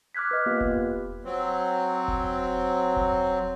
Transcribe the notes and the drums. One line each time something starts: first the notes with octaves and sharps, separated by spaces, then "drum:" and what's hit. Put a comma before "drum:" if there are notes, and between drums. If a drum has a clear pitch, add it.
D6 F6 F#6 G#6 B6
B4 D#5
A#3 B3 F4 G4 B4
drum: kick E1
F#3 C4
drum: kick E1
drum: kick E1